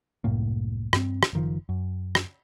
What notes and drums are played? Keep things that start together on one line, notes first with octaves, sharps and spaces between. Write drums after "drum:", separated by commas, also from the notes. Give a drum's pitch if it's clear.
C2 F#2 A2 A#3
G2 C4, drum: rim click
drum: rim click
F#1 D#3 F3
F#2
drum: rim click